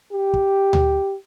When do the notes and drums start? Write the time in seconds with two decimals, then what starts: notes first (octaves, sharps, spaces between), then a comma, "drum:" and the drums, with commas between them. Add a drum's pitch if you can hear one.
0.12 G4
0.34 drum: kick
0.73 drum: tom D2